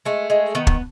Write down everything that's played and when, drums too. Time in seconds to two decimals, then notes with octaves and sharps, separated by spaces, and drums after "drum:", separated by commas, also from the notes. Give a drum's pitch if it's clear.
0.05 G#3 A3
0.30 G#3
0.55 D#3 B3
0.67 drum: kick